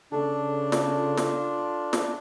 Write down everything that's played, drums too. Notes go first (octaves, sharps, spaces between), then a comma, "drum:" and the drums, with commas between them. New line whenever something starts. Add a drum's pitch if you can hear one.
C#3 D4 A4 C#6
drum: snare
F4
drum: snare
drum: snare